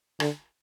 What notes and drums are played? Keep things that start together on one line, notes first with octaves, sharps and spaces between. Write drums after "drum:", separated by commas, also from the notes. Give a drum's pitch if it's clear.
D3, drum: rim click